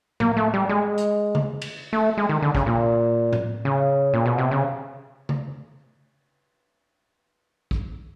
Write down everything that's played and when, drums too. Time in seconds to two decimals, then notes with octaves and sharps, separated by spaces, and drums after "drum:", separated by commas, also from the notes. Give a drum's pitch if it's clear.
0.20 A#3, drum: tom A2
0.37 A3
0.54 G3
0.69 G#3
0.98 drum: hi-hat
1.35 drum: tom C#3
1.62 drum: cymbal
1.93 A3
2.18 G#3
2.29 D#3
2.42 D3
2.55 C#3, drum: kick
2.66 A#2
3.33 drum: tom A2
3.65 C#3
4.14 A#2
4.26 B2
4.38 C3
4.51 C#3
5.29 drum: tom C#3
7.71 drum: kick